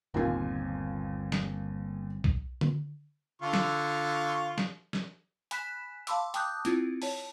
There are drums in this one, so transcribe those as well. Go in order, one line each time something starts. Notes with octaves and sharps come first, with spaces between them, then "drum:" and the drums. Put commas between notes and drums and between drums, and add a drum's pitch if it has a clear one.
G1 D#2 A#2 C4 G#5
drum: snare
drum: kick B1
drum: tom D3
D3 F4 C#6
drum: snare
drum: snare
drum: snare
G#5 B5 F#6 B6 E7, drum: hi-hat
F5 A5 B5 C6 D6 E6, drum: hi-hat
G5 A5 D6 D#6 F#6 G6, drum: hi-hat
C4 E4 F4, drum: hi-hat
C#5 A5, drum: open hi-hat